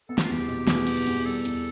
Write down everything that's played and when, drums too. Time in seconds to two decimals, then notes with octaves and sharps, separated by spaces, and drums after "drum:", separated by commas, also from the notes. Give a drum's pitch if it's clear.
0.09 B3 A4
0.18 G4, drum: snare
0.24 F4
0.29 E2 G4
0.48 B2
0.67 E2, drum: snare
0.87 B3, drum: cymbal
1.07 E2, drum: hi-hat
1.25 G3 A4
1.45 E2, drum: hi-hat